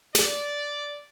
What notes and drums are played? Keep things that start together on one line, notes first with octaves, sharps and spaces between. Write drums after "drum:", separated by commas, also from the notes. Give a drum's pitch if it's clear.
D5, drum: snare